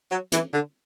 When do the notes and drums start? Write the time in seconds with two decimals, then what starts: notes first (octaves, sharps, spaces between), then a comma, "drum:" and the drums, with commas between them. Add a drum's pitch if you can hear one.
0.09 F#3
0.32 E3, drum: hi-hat
0.53 D3